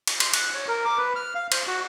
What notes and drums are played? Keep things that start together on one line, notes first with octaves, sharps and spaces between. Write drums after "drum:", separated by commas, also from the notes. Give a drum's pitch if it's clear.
drum: cymbal
C6, drum: cymbal
F#6, drum: cymbal
C#5
A#4
D6
B4
F6
F5
C5, drum: cymbal
F#4